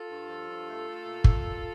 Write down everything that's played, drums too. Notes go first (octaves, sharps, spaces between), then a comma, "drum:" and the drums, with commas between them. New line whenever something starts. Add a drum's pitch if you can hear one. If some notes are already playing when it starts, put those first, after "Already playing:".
Already playing: F4 A4
G2
F3
G2
A3
A3
A#2
A3, drum: kick
A#2